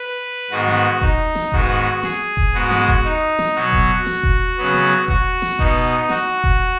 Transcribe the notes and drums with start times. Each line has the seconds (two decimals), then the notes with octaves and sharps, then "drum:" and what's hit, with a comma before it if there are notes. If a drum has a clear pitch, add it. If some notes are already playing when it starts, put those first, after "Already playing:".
Already playing: B4
0.50 G#2 D#3 B3 F#4
0.68 drum: snare
1.01 D#4, drum: kick E1
1.35 drum: snare
1.52 G#2 D#3 B3 F#4, drum: kick E1
2.03 G#4, drum: snare
2.37 drum: kick E1
2.54 G#2 G#3 B3 F#4
2.71 drum: snare
2.88 drum: kick E1
3.05 D#4
3.39 drum: snare
3.55 B2 F#3 B3 F#4
3.73 drum: kick E1
4.06 drum: snare
4.23 drum: kick E1
4.58 C#3 F#3 B3
4.74 drum: snare
5.08 F#4, drum: kick E1
5.42 drum: snare
5.59 B2 B3 D#4, drum: kick E1
6.09 F#4, drum: snare
6.44 drum: kick E1